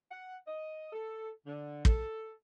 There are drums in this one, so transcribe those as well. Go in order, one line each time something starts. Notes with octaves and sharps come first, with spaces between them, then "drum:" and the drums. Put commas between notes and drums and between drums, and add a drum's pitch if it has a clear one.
F#5
D#5
A4
D3
A4, drum: kick